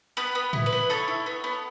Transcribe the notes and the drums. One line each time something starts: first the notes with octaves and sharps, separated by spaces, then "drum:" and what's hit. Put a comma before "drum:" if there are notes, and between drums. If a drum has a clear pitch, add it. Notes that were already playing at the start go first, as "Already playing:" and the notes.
B3 B4
B3
E4, drum: tom
B4
B3
E4 A4 C#5
E4
B3
B3